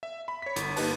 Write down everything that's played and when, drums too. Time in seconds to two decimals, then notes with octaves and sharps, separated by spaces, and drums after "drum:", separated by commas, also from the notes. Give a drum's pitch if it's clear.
0.03 E5
0.28 B5
0.42 C#5 B6
0.56 G1, drum: hi-hat
0.76 G1 A#3 D#4 G4 B4 A5, drum: open hi-hat